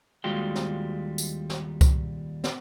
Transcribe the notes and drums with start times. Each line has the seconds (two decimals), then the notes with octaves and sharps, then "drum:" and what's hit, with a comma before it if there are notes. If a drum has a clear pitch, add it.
0.24 D#2 G3 G#3 F4 F#4 G5
0.55 drum: snare
1.18 drum: tambourine
1.50 drum: snare
1.81 drum: kick C2, tambourine
2.44 drum: snare